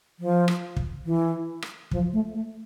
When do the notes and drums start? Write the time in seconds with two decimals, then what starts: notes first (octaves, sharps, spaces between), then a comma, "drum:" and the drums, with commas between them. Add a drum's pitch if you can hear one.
0.20 F3
0.48 drum: rim click
0.76 drum: kick
1.05 E3
1.62 drum: rim click
1.91 F3, drum: kick
2.13 A3
2.34 A3